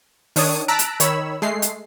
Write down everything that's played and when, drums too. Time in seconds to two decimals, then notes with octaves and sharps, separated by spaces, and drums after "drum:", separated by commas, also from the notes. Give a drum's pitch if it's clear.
0.36 D#3 D4 C#5 D#6, drum: open hi-hat
0.68 A5 A#5 E6 F#6 B6 D7
0.79 drum: hi-hat
1.00 D#3 C#5 B5 E6, drum: hi-hat
1.42 G#3 A3 C7
1.62 drum: hi-hat